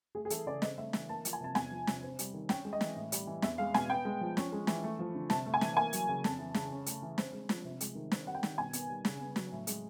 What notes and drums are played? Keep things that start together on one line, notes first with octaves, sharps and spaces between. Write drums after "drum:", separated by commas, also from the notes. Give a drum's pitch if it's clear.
A3 G#4
G#4
E3 A4, drum: hi-hat
C#3 D5
C4 D#5, drum: snare
A3 E5
E3 E5, drum: snare
A#3 A5
F3, drum: hi-hat
G#5
C3 A5
E2 G#5, drum: snare
F3
C3, drum: snare
C4
G3, drum: hi-hat
D#3
C#4 G5, drum: snare
G#3
D#5
E3, drum: snare
A2
G3, drum: hi-hat
E3
E2 E5, drum: snare
G#3 F5
B2 G#5, drum: snare
B3 G5
G#3
F3
C#4, drum: snare
G#3
E3, drum: snare
A3
F3
D3
C3 A5, drum: snare
A3
G#5
E3, drum: snare
A#3 G#5
F#3, drum: hi-hat
C#3
F2 A5, drum: snare
E3
C#3, drum: snare
C#4
A3, drum: hi-hat
E3
C4, drum: snare
G#3
F3, drum: snare
C3
G#3, drum: hi-hat
D#3
C4, drum: snare
G3 F#5
G5
D#3, drum: snare
B2 G#5
B3, drum: hi-hat
G3
C#3, drum: snare
B3
F#3, drum: snare
A2
G#3, drum: hi-hat